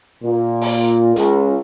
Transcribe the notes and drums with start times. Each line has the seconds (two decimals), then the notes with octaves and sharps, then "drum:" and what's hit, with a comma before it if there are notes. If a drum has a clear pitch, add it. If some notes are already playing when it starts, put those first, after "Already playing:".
0.23 A#2
0.61 drum: open hi-hat
1.16 C#2, drum: hi-hat